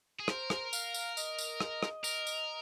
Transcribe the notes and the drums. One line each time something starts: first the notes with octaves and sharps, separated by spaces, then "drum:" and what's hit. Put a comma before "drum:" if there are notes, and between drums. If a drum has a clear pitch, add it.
G#4
A#4 C5, drum: rim click
drum: rim click
F5, drum: tambourine
drum: tambourine
D#5, drum: tambourine
drum: tambourine
drum: rim click
drum: rim click
A#4, drum: tambourine
drum: tambourine